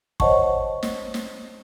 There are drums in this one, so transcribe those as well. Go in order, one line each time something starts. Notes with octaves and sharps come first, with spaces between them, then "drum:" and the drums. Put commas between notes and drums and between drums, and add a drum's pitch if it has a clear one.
C5 C#5 D#5 F#5 A5 C#6, drum: kick
drum: snare
drum: snare